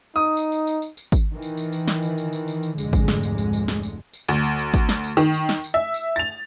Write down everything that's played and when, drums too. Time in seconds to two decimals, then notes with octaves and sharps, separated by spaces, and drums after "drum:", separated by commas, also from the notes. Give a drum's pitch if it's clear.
0.16 D#4 D#6
0.37 drum: tambourine
0.52 drum: tambourine
0.67 drum: tambourine
0.82 drum: tambourine
0.97 drum: tambourine
1.12 drum: kick G#1, tambourine
1.33 D#3 E3
1.42 drum: tambourine
1.57 drum: tambourine
1.73 drum: tambourine
1.88 drum: snare
2.03 drum: tambourine
2.18 drum: tambourine
2.33 drum: tambourine
2.48 drum: tambourine
2.63 drum: tambourine
2.78 F1 D2 G#2 D3 G#3, drum: tambourine
2.93 drum: kick G#1, tambourine
3.08 drum: snare
3.23 drum: tambourine
3.38 drum: tambourine
3.53 drum: tambourine
3.68 drum: snare
3.83 drum: tambourine
4.13 drum: tambourine
4.29 D2, drum: tambourine
4.44 drum: tambourine
4.59 drum: tambourine
4.74 drum: kick G#1, tambourine
4.89 drum: snare
5.04 drum: tambourine
5.17 D#3, drum: tambourine
5.34 drum: tambourine
5.49 drum: snare
5.64 drum: tambourine
5.74 E5
5.94 drum: tambourine
6.16 A6 F7